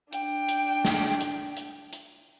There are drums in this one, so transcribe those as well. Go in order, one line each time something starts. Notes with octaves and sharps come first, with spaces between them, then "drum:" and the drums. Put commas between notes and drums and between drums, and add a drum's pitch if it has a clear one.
D4 G5, drum: hi-hat
drum: hi-hat
drum: snare
drum: hi-hat
drum: hi-hat
drum: hi-hat